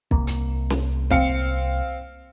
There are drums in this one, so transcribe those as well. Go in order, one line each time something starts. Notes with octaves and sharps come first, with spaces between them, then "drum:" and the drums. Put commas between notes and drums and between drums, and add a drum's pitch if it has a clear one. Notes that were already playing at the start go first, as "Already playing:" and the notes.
C2 A#3, drum: kick
drum: hi-hat
drum: snare
C4 F5 C#7, drum: kick